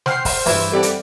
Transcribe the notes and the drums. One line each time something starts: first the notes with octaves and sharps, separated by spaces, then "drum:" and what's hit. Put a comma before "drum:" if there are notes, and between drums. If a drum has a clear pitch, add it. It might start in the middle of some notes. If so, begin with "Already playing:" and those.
C5 F#5 G5 F6 C7, drum: snare
drum: kick, open hi-hat
G2 E3 E4 E7, drum: open hi-hat
G3 C4 G4 A4 D5 F#5
drum: hi-hat